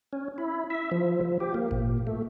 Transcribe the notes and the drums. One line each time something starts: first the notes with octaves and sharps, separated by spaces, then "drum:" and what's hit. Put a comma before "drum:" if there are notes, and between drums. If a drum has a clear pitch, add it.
C#4
E4
E5
F3
F3
G4
A#3
A#2, drum: kick G#1
A3